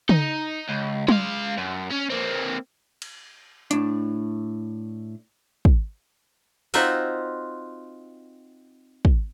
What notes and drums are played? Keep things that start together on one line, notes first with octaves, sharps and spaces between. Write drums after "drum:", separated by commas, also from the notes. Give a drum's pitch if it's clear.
D#4, drum: tom
C#2
G#3 F5, drum: tom
F#2
C#4
A#3 C4
drum: cymbal
A2 D4, drum: hi-hat
drum: kick
C4 D#4 F4 F#4 E5 F#5, drum: open hi-hat
drum: kick